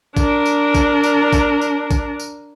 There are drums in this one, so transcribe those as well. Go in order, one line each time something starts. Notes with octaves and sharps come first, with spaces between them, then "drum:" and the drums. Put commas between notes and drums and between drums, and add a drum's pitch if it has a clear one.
D4 A#4, drum: kick A#1, tambourine
drum: tambourine
drum: kick A#1, tambourine
drum: tambourine
drum: kick A#1, tambourine
drum: tambourine
drum: kick A#1, tambourine
drum: tambourine